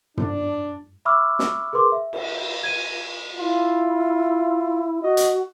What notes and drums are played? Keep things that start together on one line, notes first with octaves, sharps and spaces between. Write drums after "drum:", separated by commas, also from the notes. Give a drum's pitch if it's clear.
D4, drum: tom
E5 B5 C#6 D6 E6 F6
drum: snare
G#4 A#4 B4 C6 D6
E5
drum: cymbal
G#6 D#7
E4 F4
F#4 D#5
drum: hi-hat